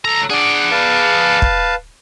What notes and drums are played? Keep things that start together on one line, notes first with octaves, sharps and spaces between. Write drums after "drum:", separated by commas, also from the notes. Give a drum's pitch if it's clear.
C#2 A4 A#5
D4 G#4 D5 F#5 F#6
B4 F5 A5
drum: kick